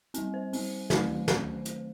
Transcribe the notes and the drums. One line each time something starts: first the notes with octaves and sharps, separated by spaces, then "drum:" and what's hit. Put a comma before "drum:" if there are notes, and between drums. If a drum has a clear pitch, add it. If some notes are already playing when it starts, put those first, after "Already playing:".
G3 C4, drum: hi-hat
C5
G3 C4, drum: open hi-hat
D#3 F#3 A3 C4, drum: snare
drum: snare
drum: hi-hat